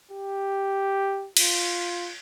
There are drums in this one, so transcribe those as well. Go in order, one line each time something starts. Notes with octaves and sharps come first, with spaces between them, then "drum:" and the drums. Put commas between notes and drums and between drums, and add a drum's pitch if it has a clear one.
G4
F4, drum: cymbal